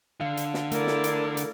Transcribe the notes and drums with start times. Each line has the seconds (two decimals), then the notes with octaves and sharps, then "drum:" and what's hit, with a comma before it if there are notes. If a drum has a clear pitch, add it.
0.21 D3 F5
0.37 drum: hi-hat
0.54 drum: snare
0.72 A3 E4 A#4 D5, drum: hi-hat
0.87 drum: snare
1.04 drum: hi-hat
1.37 drum: hi-hat